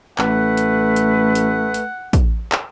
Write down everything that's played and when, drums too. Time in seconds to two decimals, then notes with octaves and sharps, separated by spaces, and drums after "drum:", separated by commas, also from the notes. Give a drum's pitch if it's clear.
0.18 A1 A3 B4 F#5, drum: clap
0.57 drum: hi-hat
0.96 drum: hi-hat
1.35 drum: hi-hat
1.74 drum: hi-hat
2.13 drum: kick, hi-hat
2.52 drum: clap